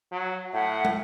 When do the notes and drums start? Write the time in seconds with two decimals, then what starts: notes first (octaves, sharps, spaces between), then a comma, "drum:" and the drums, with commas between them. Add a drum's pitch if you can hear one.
0.12 F#3
0.54 A2 E5 F#5
0.85 drum: tom